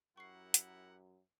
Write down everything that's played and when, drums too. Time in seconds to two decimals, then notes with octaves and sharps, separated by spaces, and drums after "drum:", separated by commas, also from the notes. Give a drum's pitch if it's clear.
0.17 F#2 E4 G4 A#4 F#5 C#6 C7
0.54 drum: hi-hat